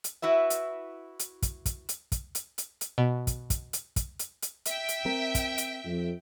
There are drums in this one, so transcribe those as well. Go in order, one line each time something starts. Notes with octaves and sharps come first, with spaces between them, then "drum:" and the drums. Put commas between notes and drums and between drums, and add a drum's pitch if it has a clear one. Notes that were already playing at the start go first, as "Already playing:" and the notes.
drum: hi-hat
E4 F#4 B4 E5
drum: hi-hat
drum: hi-hat
drum: kick, hi-hat
drum: kick, hi-hat
drum: hi-hat
drum: kick, hi-hat
drum: hi-hat
drum: hi-hat
drum: hi-hat
B2
drum: kick, hi-hat
drum: kick, hi-hat
drum: hi-hat
drum: kick, hi-hat
drum: hi-hat
drum: hi-hat
E5 G5, drum: hi-hat
drum: hi-hat
C4 A#4
drum: kick, hi-hat
drum: hi-hat
F2